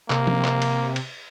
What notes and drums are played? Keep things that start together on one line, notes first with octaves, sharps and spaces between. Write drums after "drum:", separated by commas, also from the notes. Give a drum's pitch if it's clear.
C3 A#3, drum: clap
drum: tom F3
drum: clap
drum: cymbal
drum: cymbal